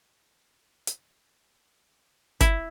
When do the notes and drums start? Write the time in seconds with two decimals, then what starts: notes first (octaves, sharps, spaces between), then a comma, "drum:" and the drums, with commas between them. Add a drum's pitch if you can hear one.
0.87 drum: hi-hat
2.41 E4, drum: kick G1, hi-hat